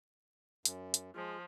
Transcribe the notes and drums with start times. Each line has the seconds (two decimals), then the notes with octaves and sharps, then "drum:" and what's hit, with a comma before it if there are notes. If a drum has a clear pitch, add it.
0.65 F#2, drum: hi-hat
0.94 drum: hi-hat
1.15 F3 G#3